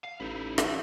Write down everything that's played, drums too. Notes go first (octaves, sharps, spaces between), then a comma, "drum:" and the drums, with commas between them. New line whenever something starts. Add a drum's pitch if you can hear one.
F5
A1 D#4 E4
drum: rim click